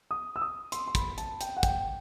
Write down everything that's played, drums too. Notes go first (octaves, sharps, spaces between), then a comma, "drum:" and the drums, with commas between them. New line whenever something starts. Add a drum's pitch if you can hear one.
D#6
E6
D#6
C6, drum: hi-hat
C6
B5, drum: kick, hi-hat
A5, drum: hi-hat
G5, drum: hi-hat
F#5
G5, drum: kick, hi-hat